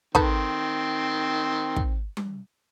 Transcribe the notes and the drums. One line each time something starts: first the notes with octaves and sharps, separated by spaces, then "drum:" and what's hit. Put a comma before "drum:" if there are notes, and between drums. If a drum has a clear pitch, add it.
D#3 C4 D#4 A4 B4, drum: kick
drum: kick
drum: tom G3